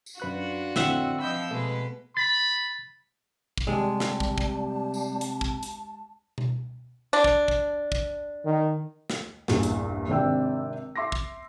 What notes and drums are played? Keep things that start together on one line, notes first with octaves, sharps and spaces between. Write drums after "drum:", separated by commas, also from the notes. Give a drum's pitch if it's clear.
drum: tambourine
F#2 D4 F4 F#4 B4 F#6
F2 A2 D3 C4 E5 F#5, drum: snare
F3 D#5 B5 E6 G6
B2 G#3 A3 B4
B5 A6
drum: kick
C3 G3 G#3 A5
drum: snare
drum: kick
drum: kick
drum: tambourine
drum: hi-hat
drum: kick
drum: hi-hat
drum: tom B2
D4
drum: kick
drum: kick
drum: kick
D#3
drum: snare
A#1 E2 G2 A#2, drum: snare
drum: hi-hat
G#1 C3 D4 G5 E6
E5 C6 D6 A#6
drum: kick